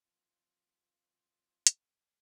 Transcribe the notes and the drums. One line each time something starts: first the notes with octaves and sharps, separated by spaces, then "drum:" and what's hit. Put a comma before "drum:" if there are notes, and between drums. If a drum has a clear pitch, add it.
F3 C4 F4
drum: hi-hat